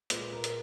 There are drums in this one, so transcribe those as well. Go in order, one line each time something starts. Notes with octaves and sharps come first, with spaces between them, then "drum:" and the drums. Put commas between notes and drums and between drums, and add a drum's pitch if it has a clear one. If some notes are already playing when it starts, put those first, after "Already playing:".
A#2 G#3 B4, drum: hi-hat
A#4
drum: hi-hat